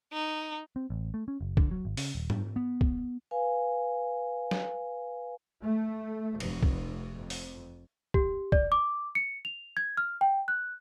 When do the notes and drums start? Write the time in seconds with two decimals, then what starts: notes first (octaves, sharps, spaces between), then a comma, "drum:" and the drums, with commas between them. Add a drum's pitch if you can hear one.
0.13 D#4
0.76 C4
0.90 A1
1.14 A3
1.28 C#4
1.41 F#1
1.57 D3, drum: kick
1.71 F#3
1.85 G#1
1.97 C#3, drum: open hi-hat
2.15 D#1
2.30 G2, drum: tom G#2
2.56 B3
2.81 drum: kick
3.31 B4 F5 G#5
4.51 drum: snare
5.65 A3
6.40 F1, drum: cymbal
6.63 drum: kick
7.14 F2
7.30 drum: open hi-hat
8.14 G4, drum: kick
8.52 D5, drum: kick
8.72 D6
9.15 C#7
9.45 F7
9.77 G#6
9.97 F6
10.21 G5
10.48 F#6